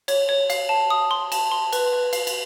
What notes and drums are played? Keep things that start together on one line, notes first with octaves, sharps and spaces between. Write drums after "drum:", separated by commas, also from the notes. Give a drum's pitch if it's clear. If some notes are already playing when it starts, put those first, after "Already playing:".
C#5, drum: cymbal
C#5
F5, drum: cymbal
A5
D#6
C6
A5, drum: cymbal
C6
B4, drum: cymbal
B4
F5, drum: cymbal
drum: cymbal